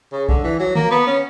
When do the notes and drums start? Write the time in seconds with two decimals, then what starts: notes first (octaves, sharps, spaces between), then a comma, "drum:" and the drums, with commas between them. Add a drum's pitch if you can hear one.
0.12 C#3
0.29 D3, drum: kick B1
0.44 E3
0.60 F#3
0.75 A#3, drum: tom
0.91 B3
1.07 C#4